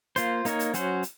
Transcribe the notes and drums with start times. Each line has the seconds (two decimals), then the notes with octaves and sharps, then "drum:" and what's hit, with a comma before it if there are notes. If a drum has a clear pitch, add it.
0.16 A#3 F4 C5, drum: hi-hat
0.45 A#3 D#4 A#4 C#5, drum: hi-hat
0.59 drum: hi-hat
0.74 F#3 C#4 F#4 C5, drum: hi-hat
1.03 drum: hi-hat